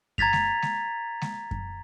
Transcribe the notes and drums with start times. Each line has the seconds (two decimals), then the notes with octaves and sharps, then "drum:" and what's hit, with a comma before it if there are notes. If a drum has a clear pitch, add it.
0.18 A#5 G#6 A6 B6 F7, drum: kick F#2
0.33 drum: snare G#3
0.62 drum: snare G#3
1.22 drum: snare G#3
1.51 drum: kick F#2